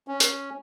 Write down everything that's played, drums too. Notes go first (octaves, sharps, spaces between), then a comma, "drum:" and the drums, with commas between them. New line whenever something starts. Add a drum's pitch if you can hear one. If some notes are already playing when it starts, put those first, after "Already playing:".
C#4
drum: hi-hat